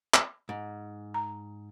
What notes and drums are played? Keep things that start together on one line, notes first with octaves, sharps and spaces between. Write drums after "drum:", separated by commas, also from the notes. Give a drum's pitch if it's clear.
drum: clap
G#2
A#5